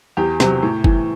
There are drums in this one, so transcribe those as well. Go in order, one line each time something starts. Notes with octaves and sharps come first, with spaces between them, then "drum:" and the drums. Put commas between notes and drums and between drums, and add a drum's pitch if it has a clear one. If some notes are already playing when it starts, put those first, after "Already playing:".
E2 G4
C3 F#3, drum: snare
A2
E3, drum: kick F#1